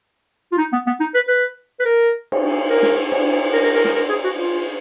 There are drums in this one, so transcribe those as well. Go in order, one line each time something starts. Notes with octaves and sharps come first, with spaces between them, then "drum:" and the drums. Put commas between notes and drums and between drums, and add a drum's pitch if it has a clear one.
F4
D#4
B3
B3
D#4
B4
B4
B4
A#4
drum: cymbal
A#4
drum: snare
drum: cymbal
A#4
A#4
A#4
A#4, drum: snare
A#4
G#4
F#4
F4